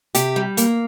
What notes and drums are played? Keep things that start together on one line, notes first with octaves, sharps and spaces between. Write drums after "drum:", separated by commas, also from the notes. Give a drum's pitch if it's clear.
C3 G4, drum: hi-hat
G3
A#3, drum: hi-hat